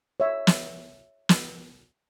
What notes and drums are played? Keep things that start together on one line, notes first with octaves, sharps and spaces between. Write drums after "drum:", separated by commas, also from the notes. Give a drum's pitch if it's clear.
C#5 E5
drum: snare
drum: snare